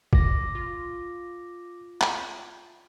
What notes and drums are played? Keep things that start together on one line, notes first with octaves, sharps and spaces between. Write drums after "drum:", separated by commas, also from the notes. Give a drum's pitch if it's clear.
D6 A#6, drum: kick
F4
drum: clap